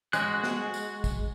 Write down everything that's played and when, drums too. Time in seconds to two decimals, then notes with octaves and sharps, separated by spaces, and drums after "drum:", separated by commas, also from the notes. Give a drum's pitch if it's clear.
0.13 G#3 F#4 F#6, drum: tambourine
0.44 drum: snare
0.74 drum: tambourine
1.04 drum: kick, tambourine